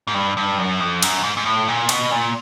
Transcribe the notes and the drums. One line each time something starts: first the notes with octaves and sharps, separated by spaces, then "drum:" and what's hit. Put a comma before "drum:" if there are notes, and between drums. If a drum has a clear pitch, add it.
G#2
G2
G2
F#2
F2
F#2, drum: cymbal
G#2
G#2
A2
A#2
B2, drum: cymbal
A#2